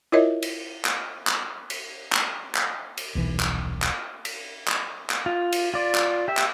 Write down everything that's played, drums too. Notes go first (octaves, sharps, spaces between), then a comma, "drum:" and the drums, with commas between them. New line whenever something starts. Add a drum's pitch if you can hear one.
E4 F4 A#4 C#5 D#5 E5
drum: cymbal
drum: clap
drum: clap
drum: cymbal
drum: clap
drum: clap
drum: cymbal
D#1 B1 E3
drum: clap
drum: clap
drum: cymbal
drum: clap
drum: clap
F4
drum: cymbal
F4 D5
drum: clap
G4 E5
drum: clap